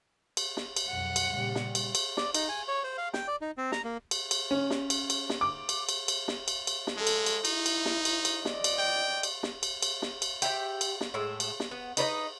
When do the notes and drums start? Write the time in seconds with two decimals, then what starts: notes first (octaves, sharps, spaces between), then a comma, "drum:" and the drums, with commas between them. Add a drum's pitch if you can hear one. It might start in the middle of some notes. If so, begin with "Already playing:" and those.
0.37 drum: cymbal
0.57 drum: snare
0.77 drum: cymbal
0.88 B1 F2 F#5
1.16 drum: cymbal
1.31 A#2 C#3 G3
1.55 drum: snare
1.75 drum: cymbal
1.95 drum: cymbal
2.17 D5, drum: snare
2.34 D#4, drum: cymbal
2.49 G#5
2.68 C#5
2.84 C5
2.98 F5
3.14 G5, drum: snare
3.28 D5
3.41 D#4
3.58 C4
3.72 A#5, drum: snare
3.84 A#3
4.11 drum: cymbal
4.31 drum: cymbal
4.51 C#4
4.70 drum: snare
4.90 drum: cymbal
5.10 drum: cymbal
5.29 drum: snare
5.41 D6
5.69 drum: cymbal
5.89 drum: cymbal
6.08 drum: cymbal
6.28 drum: snare
6.48 drum: cymbal
6.67 drum: cymbal
6.87 drum: snare
6.97 G#3 A4
7.07 drum: cymbal
7.26 drum: cymbal
7.45 D#4 E4, drum: cymbal
7.66 drum: cymbal
7.86 drum: snare
8.05 drum: cymbal
8.25 drum: cymbal
8.45 D5 D#5, drum: snare
8.64 drum: cymbal
8.78 G5
9.23 drum: cymbal
9.43 drum: snare
9.63 drum: cymbal
9.82 drum: cymbal
10.02 drum: snare
10.22 drum: cymbal
10.42 G4 E5 G5, drum: cymbal
10.81 drum: cymbal
11.01 drum: snare
11.14 A2 G#3 E5
11.40 drum: cymbal
11.60 drum: snare
11.71 B3
11.97 D#4 B4 C#5 D#5, drum: cymbal